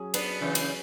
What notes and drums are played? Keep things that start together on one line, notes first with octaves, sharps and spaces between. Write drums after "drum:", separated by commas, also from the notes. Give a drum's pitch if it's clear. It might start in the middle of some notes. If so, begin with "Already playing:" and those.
Already playing: F#3 C#4 G#4
B3 D4 B4, drum: cymbal
C#3 E3 C#4
drum: cymbal